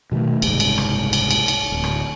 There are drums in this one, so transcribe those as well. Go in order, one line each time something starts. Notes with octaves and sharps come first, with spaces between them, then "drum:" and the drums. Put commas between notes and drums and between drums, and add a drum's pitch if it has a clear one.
B2 D#3 F3 A3
F#1 C2 G#2, drum: cymbal
drum: cymbal
drum: rim click
drum: cymbal
drum: cymbal
drum: cymbal
D1
drum: rim click